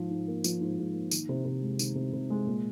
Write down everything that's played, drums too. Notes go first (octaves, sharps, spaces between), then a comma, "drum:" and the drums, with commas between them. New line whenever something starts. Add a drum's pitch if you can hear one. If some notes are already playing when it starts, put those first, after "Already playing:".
Already playing: G#2 F3
G#2
A#3
F3, drum: tambourine
G#2
G#2
A#3
D#3, drum: tambourine
C3
C3
G#3
D#3, drum: tambourine
C3
C3
G#3
A#2